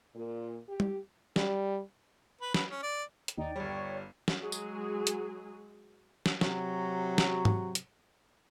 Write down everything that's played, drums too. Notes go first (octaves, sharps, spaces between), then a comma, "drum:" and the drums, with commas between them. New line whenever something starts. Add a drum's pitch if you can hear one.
A#2
G4
drum: tom
G3, drum: snare
B4
B4, drum: snare
C#4
D5
drum: hi-hat
D#2 D#4 D5 G5
G1 G3 C#5
drum: snare
F#3 G#3 G#4
drum: tambourine
drum: hi-hat
drum: snare
C3 F#3, drum: snare
drum: snare
drum: tom G#2
drum: hi-hat